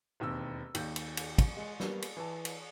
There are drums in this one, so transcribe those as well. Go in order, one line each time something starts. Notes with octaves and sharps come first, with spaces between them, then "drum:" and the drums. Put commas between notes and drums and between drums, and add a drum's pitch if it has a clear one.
E1 D#2 C4 E6
D#2 G6, drum: cymbal
drum: cymbal
drum: cymbal
drum: kick, cymbal
G#3 C#7
G3 A#3 B3, drum: snare
drum: cymbal
E3 A5
drum: cymbal